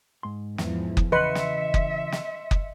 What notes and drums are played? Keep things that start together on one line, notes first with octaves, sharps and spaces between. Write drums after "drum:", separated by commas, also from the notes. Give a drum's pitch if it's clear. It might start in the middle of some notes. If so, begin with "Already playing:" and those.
G#2 C6
E2 E3 F3, drum: snare
drum: kick F#1
C#3 E3 B4 D#5 E5 C6 C#7
drum: snare
drum: kick F#1
drum: snare
drum: kick F#1